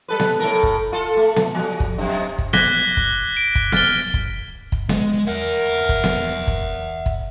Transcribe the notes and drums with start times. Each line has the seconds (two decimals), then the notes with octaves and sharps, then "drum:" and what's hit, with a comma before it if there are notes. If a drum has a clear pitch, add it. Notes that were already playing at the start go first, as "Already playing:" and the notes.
0.08 G3 A4 B4
0.19 drum: snare B3
0.39 A2 A4 A#4
0.63 drum: kick
0.92 F4 A4
1.17 A3
1.36 drum: snare B3
1.55 F3 G3
1.80 drum: kick
1.98 F#2 C3
2.39 drum: kick
2.53 D6 F#6 G#6 A#6 B6 G7, drum: snare B3
2.97 drum: kick
3.37 D7
3.55 drum: kick
3.72 F6 A6 G7, drum: snare B3
4.14 drum: kick
4.72 drum: kick
4.89 G#3, drum: snare B3
5.27 A#4 E5 F#5
5.89 drum: kick
6.04 drum: snare B3
6.47 drum: kick
7.06 drum: kick